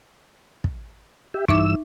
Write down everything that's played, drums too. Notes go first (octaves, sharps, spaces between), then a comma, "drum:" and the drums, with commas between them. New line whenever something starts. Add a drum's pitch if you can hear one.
drum: kick
G4 E5
G2 E3 D#4 E5 D6 E6, drum: kick